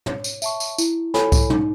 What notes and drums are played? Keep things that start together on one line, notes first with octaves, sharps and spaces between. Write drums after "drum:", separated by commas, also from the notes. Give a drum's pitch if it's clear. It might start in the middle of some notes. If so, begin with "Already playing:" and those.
C#5, drum: tom
drum: tambourine
E5 A5 C#6, drum: tambourine
drum: tambourine
E4, drum: tambourine
A4 C#5 G#5 B5, drum: snare
drum: kick C2, tambourine
D#4, drum: tom